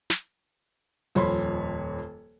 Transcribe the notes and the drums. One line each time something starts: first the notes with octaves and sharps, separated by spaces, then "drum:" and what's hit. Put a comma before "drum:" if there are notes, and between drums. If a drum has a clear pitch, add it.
drum: snare
D#1 F2 C#5 B5 C6, drum: open hi-hat